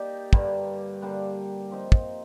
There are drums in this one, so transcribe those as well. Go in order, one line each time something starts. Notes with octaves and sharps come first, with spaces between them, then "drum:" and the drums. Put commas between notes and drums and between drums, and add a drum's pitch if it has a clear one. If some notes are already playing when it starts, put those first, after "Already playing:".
Already playing: A#3 D#4 G4 D5
G2 D3 G3 A#3, drum: kick
D3 G3 A#3 D4
F3 C4 D#4
drum: kick